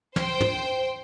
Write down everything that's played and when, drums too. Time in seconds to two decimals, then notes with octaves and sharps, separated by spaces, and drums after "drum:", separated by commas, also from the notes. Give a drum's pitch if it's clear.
0.16 C5 G5, drum: snare
0.41 drum: tom